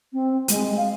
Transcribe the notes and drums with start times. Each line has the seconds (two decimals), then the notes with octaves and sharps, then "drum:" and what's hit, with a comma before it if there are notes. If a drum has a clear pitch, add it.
0.13 C4
0.48 G#3, drum: hi-hat
0.77 F5